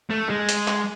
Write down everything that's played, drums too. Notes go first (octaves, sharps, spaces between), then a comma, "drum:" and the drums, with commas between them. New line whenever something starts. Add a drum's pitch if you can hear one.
A3
G#3
drum: hi-hat
drum: clap